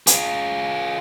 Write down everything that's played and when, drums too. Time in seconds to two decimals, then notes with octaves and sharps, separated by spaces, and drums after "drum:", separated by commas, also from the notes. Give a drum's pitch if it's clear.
0.07 F4 G#4, drum: hi-hat